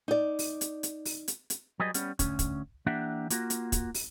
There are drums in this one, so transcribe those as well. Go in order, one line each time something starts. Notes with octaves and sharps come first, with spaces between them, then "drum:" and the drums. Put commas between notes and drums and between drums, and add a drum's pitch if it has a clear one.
D#4 D5
drum: open hi-hat
drum: hi-hat
drum: hi-hat
drum: open hi-hat
drum: hi-hat
drum: hi-hat
F#3 G3 G#4 B4 D#5
G3 B3 C#4, drum: hi-hat
D2 C3 C#4, drum: kick, hi-hat
drum: kick, hi-hat
E3 A#3 D4 G4 E5 F#5
A#3 F4 F#4, drum: hi-hat
drum: hi-hat
drum: kick, hi-hat
drum: open hi-hat